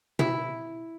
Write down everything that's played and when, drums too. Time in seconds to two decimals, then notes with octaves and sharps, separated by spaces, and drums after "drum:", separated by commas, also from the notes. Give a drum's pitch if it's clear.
0.19 E4, drum: tom